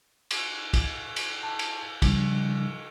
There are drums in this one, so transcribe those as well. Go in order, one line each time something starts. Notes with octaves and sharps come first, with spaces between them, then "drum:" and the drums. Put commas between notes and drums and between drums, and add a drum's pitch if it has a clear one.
drum: cymbal
drum: kick, cymbal
drum: cymbal
A5
drum: cymbal
C#3 F3 G3 D4, drum: kick, cymbal